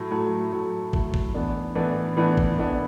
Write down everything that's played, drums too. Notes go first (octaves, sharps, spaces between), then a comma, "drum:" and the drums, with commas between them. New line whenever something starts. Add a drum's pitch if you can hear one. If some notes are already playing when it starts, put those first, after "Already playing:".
Already playing: A2 F#3 A3
A2 F#3 A3
A2 F#3 A3
A2 F#3 A3, drum: kick
drum: kick
A2 E3 B3 D4
A2 E3 B3 D4
A2 E3 B3 D4
drum: kick
A2 E3 B3 D4